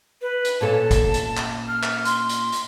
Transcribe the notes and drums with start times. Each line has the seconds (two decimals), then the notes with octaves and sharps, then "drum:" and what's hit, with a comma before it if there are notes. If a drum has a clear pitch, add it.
0.22 B4
0.45 drum: hi-hat
0.61 A#2 C#4 A4 A5
0.91 drum: kick, hi-hat
1.14 drum: hi-hat
1.37 drum: clap
1.68 F6
1.83 drum: clap
2.05 C6, drum: hi-hat
2.29 drum: hi-hat
2.52 drum: hi-hat